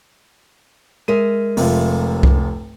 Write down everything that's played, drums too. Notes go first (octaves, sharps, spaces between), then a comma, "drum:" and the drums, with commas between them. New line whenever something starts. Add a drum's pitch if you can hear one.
G#3 A#4 E5 D#7
F1 C3 F4, drum: open hi-hat
drum: kick C2